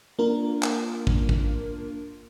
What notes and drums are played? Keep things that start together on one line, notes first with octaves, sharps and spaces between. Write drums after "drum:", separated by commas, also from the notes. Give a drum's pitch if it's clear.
A#3 D4 F4 A#4
drum: clap
drum: kick
drum: kick